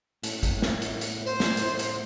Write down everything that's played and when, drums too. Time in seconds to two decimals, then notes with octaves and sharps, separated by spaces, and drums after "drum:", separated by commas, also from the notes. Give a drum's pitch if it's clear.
0.23 A2, drum: hi-hat
0.43 drum: kick A1, hi-hat
0.62 drum: snare
0.82 drum: hi-hat
1.01 drum: hi-hat
1.25 C5
1.40 drum: snare
1.57 A2, drum: hi-hat
1.79 drum: hi-hat